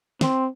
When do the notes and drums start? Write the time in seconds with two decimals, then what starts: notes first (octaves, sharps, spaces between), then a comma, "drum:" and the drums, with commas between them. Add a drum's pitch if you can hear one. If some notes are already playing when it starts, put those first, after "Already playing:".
0.21 C4, drum: snare